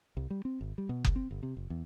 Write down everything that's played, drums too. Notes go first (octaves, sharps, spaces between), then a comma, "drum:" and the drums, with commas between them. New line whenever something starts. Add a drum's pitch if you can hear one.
C2
G3
C4
G#1
G3
B2
C2, drum: kick F#1
C4
G1
C3
F#1
E2